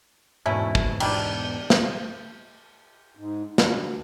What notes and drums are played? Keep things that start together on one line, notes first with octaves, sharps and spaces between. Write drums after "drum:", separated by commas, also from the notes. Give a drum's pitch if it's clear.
E2 G#2 B2 A3 C#4 E4
drum: kick
D#3 G3 D4, drum: cymbal
drum: snare
G#2
D2, drum: snare